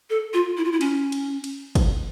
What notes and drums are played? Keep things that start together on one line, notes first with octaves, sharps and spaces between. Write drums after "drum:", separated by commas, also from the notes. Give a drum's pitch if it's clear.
A4
F4
E4
F4
E4
C#4, drum: cymbal
drum: cymbal
drum: cymbal
drum: kick, cymbal